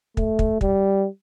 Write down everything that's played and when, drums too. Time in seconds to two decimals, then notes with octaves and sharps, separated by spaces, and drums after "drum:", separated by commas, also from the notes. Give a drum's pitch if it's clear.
0.17 A3, drum: kick
0.39 drum: kick
0.61 G3, drum: kick